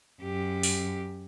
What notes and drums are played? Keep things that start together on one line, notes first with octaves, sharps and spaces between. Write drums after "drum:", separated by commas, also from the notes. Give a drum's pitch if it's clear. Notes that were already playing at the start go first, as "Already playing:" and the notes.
F#2 G4
drum: open hi-hat